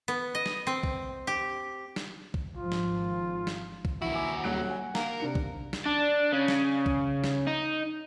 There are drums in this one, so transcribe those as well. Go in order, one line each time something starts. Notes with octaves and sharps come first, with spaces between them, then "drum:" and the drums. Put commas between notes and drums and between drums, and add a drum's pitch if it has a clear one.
B3
D#5
drum: snare
C4
drum: kick
G4
drum: snare
drum: kick
G#1 F3 F4
drum: snare
drum: snare
drum: kick
D#2 E3 E4 F#4
G#5 D6
D#1 F#3 F#6 D7
F#5 G#5
A#3 A#4, drum: snare
C3 D4 C#7
drum: kick
drum: snare
D4
C#3
drum: snare
drum: kick
drum: snare
D#4